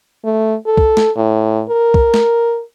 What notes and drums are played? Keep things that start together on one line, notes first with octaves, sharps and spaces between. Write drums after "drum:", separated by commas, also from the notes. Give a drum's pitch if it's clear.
A3
A4
drum: kick
drum: snare
A2
A#4
drum: kick
drum: snare